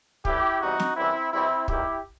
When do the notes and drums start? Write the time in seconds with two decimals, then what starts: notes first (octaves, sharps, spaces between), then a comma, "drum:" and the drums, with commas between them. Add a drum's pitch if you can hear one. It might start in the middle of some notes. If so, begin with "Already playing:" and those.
0.25 A2 E3 G3 E4 G4, drum: kick
0.61 E2 C3 E3 G3 D#4 F#4
0.80 drum: snare
0.96 F#2 E3 G3 C4 E4
1.32 E2 B2 G3 C4 E4
1.68 E2 D#3 F#3 E4 G4, drum: kick